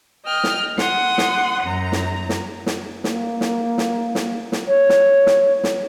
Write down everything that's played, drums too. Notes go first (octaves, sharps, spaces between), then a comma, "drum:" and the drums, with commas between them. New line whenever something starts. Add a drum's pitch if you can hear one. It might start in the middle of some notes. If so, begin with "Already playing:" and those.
D#5 G5 F6
drum: snare
F#5 C6 D#6, drum: snare
drum: snare
F#2 A#5
drum: snare
drum: snare
drum: snare
A#3, drum: snare
drum: snare
drum: snare
drum: snare
drum: snare
C#5
drum: snare
drum: snare
drum: snare